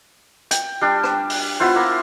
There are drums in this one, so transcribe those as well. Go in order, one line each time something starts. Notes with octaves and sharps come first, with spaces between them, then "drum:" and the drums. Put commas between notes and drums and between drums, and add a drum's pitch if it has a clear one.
G5, drum: hi-hat
G3 D4
drum: rim click
drum: open hi-hat
B3 E4 F4 C5
A#3